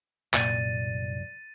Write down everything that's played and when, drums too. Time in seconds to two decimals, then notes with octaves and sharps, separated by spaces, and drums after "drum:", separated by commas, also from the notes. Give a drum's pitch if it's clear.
0.34 C2 F#2 A#2 D5 A6 D#7, drum: clap